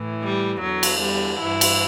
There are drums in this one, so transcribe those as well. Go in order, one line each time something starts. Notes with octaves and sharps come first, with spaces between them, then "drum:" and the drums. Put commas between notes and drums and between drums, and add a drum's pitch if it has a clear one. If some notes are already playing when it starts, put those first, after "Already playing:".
Already playing: A2 E3
G3
E2 D3 F#3
drum: cymbal
G3
G2 E3 E4
drum: cymbal